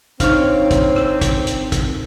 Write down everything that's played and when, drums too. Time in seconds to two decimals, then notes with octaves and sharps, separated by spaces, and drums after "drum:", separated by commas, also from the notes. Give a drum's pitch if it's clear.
0.20 C4 D4 D#4 C#5 F5, drum: kick, hi-hat
0.71 drum: kick, hi-hat
0.96 drum: rim click
1.21 drum: kick, hi-hat
1.47 drum: hi-hat
1.72 drum: kick, hi-hat